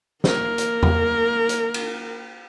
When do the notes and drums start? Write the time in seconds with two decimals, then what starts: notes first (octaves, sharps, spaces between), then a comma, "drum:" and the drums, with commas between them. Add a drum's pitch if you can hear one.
0.24 A#3 A#4, drum: snare
0.58 drum: hi-hat
0.83 drum: tom E2
1.49 drum: hi-hat
1.74 drum: cymbal